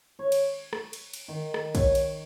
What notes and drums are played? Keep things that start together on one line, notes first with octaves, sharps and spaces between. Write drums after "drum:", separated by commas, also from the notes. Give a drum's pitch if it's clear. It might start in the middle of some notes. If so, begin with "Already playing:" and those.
C#5
drum: cymbal
drum: rim click
drum: cymbal
drum: cymbal
D#3
drum: rim click
C#5, drum: kick, cymbal
drum: cymbal